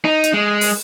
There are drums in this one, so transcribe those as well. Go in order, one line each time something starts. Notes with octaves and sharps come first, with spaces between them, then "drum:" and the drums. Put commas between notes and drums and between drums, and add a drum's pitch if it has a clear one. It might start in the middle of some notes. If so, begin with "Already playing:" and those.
D#4
drum: hi-hat
G#3
drum: open hi-hat